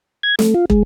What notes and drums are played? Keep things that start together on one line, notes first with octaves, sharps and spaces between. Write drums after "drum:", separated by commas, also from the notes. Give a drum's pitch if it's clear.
G#6
A3, drum: snare
F4
G#3, drum: kick